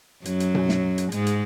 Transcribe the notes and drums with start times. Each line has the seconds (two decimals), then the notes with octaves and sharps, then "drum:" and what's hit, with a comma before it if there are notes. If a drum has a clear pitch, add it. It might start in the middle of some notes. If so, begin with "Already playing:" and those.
0.25 F#2 F#3, drum: hi-hat
0.40 drum: hi-hat
0.55 drum: tom B2
0.69 drum: snare
0.98 drum: hi-hat
1.12 G#2 G#3, drum: hi-hat
1.27 drum: hi-hat